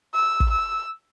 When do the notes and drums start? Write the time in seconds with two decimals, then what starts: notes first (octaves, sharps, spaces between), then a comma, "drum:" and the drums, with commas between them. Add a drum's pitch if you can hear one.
0.14 E6
0.40 drum: kick
0.51 E6